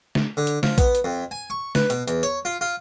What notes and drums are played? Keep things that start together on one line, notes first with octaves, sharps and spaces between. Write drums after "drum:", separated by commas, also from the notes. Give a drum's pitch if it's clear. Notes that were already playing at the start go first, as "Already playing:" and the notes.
drum: snare
D3
drum: hi-hat
F3, drum: snare
B3, drum: kick A#1, hi-hat
drum: hi-hat
F2
G#5
C#6
B4, drum: snare
B2, drum: hi-hat
E2, drum: hi-hat
C#5, drum: hi-hat
F4
F4